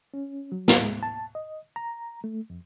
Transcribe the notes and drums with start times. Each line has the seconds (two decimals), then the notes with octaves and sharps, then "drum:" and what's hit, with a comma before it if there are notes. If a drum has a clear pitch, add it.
0.14 C#4
0.52 F#3
0.68 drum: snare
0.82 G#3
1.03 A5
1.35 D#5
1.76 A#5
2.24 A3
2.50 F2